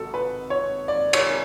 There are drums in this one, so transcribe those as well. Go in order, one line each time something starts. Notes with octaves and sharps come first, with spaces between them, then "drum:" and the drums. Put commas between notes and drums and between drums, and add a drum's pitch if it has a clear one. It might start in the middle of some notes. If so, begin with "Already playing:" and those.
Already playing: G#1 G#2 F#4 A4
B4
C#5
D5
C#5, drum: cymbal